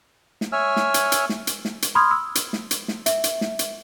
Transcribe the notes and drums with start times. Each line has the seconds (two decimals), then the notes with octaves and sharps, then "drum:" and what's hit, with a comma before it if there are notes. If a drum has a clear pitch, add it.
0.41 drum: snare
0.52 C#5 E5 G#5 E6 F6
0.76 drum: snare
0.94 drum: hi-hat
1.12 drum: hi-hat
1.29 drum: snare
1.47 drum: hi-hat
1.65 drum: snare
1.82 drum: hi-hat
1.95 B5 C6 D#6 F6 G#6
2.11 E6
2.35 drum: hi-hat
2.53 drum: snare
2.71 drum: hi-hat
2.88 drum: snare
3.06 E5, drum: hi-hat
3.24 drum: hi-hat
3.41 drum: snare
3.59 drum: hi-hat